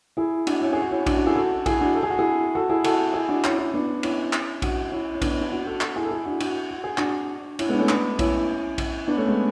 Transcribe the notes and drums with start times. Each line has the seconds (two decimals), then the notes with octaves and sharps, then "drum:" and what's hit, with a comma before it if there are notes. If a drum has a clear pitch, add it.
0.17 E4 G#4
0.47 D4 F#4, drum: cymbal
0.61 C#4 E4
0.73 G#4
0.82 F#4
0.91 C#4 E4
1.06 D4 F#4, drum: kick A#1, cymbal
1.17 D4 F#4
1.26 E4 G#4
1.36 F#4 A4
1.66 E4 G#4, drum: kick A#1, cymbal
1.81 D4 F#4
1.95 A4
2.03 G#4
2.10 F#4
2.19 E4 G#4
2.55 F#4 A4
2.69 E4 G#4
2.84 F#4 A4, drum: cymbal
3.14 E4 G#4
3.28 D4 F#4
3.44 C#4 E4, drum: clap
3.58 C#4 E4
3.74 B3 D4
4.03 C#4 E4, drum: cymbal
4.33 drum: clap
4.62 D4 F#4, drum: kick A#1, cymbal
4.92 C#4 E4
5.15 C#4
5.22 B3 D4, drum: kick A#1, cymbal
5.32 C#4 E4
5.41 B3 D4
5.52 D4 F#4
5.66 F#4 A4
5.81 F#4 A4, drum: clap
5.96 E4 G#4
6.04 A4
6.11 E4 G#4
6.25 D4 F#4
6.40 D4 F#4, drum: cymbal
6.71 F#4
6.84 G#4
6.98 D4 F#4, drum: clap
7.59 C#4 E4, drum: cymbal
7.69 G#3 B3
7.74 D4
7.79 A3 C#4
7.89 B3 D4, drum: clap
8.19 C#4 E4, drum: kick A#1, cymbal
8.78 drum: kick A#1, cymbal
9.08 B3 D4
9.17 A3 C#4
9.27 G#3 B3